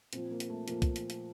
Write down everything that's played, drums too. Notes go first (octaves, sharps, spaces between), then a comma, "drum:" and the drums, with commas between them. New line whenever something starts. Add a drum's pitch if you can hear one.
A#2 F3 C4, drum: hi-hat
A#3
drum: hi-hat
A3
A#2 F3 A#3, drum: hi-hat
drum: kick, hi-hat
drum: hi-hat
drum: hi-hat